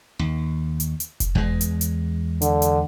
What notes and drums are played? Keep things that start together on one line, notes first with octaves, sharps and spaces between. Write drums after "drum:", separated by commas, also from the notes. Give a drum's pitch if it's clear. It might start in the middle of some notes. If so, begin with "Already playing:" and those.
D#2
drum: hi-hat
drum: hi-hat
drum: kick F1, hi-hat
E2 G#3
drum: hi-hat
drum: hi-hat
D3, drum: hi-hat
drum: hi-hat